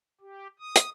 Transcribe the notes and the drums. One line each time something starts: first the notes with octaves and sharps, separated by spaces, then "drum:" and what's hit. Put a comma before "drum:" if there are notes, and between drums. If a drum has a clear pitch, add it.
G4
D#6
drum: hi-hat